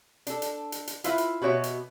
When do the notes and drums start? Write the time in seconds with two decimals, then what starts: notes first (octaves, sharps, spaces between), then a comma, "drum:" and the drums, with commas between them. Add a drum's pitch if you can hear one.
0.27 D4 A4, drum: hi-hat
0.42 drum: hi-hat
0.72 drum: hi-hat
0.87 drum: hi-hat
1.04 E4 F4 B4 E5, drum: hi-hat
1.18 drum: hi-hat
1.42 B2 F#4 G4 C#5 E5
1.64 drum: hi-hat